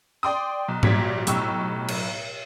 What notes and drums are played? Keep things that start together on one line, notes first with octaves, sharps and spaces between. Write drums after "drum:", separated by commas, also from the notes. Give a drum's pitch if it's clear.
D5 G5 C6 D6 D#6
B1
A#1 A#2 F#3 G3 G#6 B6, drum: tom G#2
B1 A2 G4 C#6 E6, drum: hi-hat
drum: cymbal